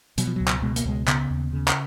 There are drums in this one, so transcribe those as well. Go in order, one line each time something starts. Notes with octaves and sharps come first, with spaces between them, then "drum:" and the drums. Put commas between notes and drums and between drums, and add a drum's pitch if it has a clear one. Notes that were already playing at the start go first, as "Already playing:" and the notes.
B2 F#3, drum: hi-hat
F3
C#2 F#3
drum: clap
B2 G#3
A#3, drum: hi-hat
C#2 G#3
C#3 B3, drum: clap
D#2
C#3
drum: clap